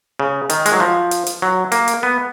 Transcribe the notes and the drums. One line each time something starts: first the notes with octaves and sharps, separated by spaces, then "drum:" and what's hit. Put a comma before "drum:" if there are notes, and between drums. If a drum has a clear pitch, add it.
C#3
D#3, drum: hi-hat
G#3, drum: hi-hat
F#3
F3
drum: hi-hat
drum: hi-hat
F#3
A#3, drum: hi-hat
drum: hi-hat
B3